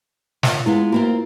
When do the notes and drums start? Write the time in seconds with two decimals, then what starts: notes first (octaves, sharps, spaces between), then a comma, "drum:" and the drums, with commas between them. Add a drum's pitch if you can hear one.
0.43 F4 C#5 F#5, drum: snare
0.66 G#3 B3 E4 F4
0.92 A#3 C4 F4 F#4